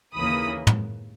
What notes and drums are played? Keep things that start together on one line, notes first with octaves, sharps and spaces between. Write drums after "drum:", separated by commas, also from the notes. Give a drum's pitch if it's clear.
D#2 C#3 E3 A#3 B5 D#6
drum: tom